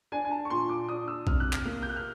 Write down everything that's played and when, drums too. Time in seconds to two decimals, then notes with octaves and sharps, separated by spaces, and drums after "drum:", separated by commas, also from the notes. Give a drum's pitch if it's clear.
0.12 D4 G#5
0.25 G#5
0.31 A5
0.45 C#6
0.50 A#2 C6
0.69 D6
0.88 D4 D#6
1.08 E6
1.27 C3 F6, drum: kick B1
1.40 F#6
1.53 F6, drum: clap
1.65 A#3
1.83 G6
1.89 F#6
1.96 F6